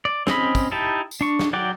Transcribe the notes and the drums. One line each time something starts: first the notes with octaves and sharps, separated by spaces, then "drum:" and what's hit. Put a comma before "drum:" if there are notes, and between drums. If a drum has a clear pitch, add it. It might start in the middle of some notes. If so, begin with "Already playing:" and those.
D5
C4 C#4 D#5 B5, drum: snare
drum: kick, tambourine
D#4 E4 G4 A5
drum: tambourine
D4 C#6
drum: snare
F#3 D5 F#5 G5 D6